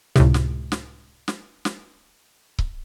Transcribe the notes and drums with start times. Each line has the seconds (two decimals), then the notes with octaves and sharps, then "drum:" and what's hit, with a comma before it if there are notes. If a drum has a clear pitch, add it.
0.16 C#2 A2 C3, drum: snare
0.34 drum: snare
0.72 drum: snare
1.28 drum: snare
1.65 drum: snare
2.59 drum: kick C#1